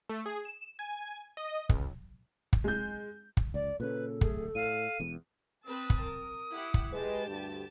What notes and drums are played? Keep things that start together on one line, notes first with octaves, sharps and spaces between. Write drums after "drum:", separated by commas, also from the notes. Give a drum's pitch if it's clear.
A3
G#4
E7
G#5
D#5
C#2, drum: kick
drum: kick
G#3 G6
drum: kick
C#2 D5
A#2 C#3 C#4 A4 B4
D1 A3 G#4, drum: kick
A2 F5 D#7
E1 E2
C4 B4 A5 D#6
drum: kick
A#4
E4 G4 F#5
drum: kick
G#3 G4 B4 A5
D2 G2